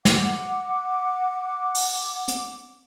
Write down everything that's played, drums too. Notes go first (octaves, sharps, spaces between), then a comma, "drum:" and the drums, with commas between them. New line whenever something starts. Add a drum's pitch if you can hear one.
F#5 D6, drum: snare
drum: open hi-hat
drum: hi-hat